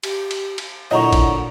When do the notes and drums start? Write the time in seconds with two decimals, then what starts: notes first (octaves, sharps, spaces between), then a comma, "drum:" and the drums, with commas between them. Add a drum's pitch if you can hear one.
0.03 G4, drum: cymbal
0.31 drum: cymbal
0.58 drum: cymbal
0.91 A#2 D3 F#3 E4 C#5 D#5 A#5 C#6
1.13 drum: kick, cymbal